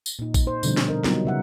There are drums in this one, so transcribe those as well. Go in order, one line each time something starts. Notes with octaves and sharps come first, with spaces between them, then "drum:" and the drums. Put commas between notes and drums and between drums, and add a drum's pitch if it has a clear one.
drum: tambourine
A#2 D#4
drum: kick A#1, tambourine
D#4 C5
B2 D3 F3 G3 C4, drum: tambourine
drum: snare
A#4 D#5
F#3 G3 B3 D#4 F4, drum: snare
C#3 E5 F#5